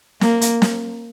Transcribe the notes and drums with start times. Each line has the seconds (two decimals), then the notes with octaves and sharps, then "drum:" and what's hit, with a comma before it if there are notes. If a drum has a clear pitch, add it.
0.21 A#3, drum: snare
0.41 drum: hi-hat
0.62 drum: snare